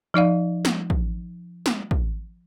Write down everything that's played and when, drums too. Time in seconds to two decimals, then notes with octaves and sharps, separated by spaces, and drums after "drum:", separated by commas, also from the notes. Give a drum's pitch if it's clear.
0.14 F3 D#4 D5 F5
0.65 drum: snare
0.90 drum: kick
1.66 drum: snare
1.91 drum: kick